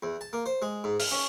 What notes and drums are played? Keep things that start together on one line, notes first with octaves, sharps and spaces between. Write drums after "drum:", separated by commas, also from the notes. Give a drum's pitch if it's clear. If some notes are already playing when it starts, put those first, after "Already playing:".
E2
A5
A#3
C5
G#3
G#2
F5, drum: open hi-hat
C#4